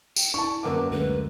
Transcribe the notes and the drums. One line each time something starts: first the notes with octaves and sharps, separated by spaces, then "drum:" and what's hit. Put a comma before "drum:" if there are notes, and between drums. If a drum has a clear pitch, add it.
G5, drum: tambourine
D4 E4 A5 C#6
F#2 A#3 B4 D6
D2 D3 G#3 B4